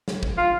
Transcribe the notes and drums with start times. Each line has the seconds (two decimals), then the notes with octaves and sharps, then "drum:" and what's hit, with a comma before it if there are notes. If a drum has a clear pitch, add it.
0.08 drum: snare
0.23 drum: kick
0.38 F4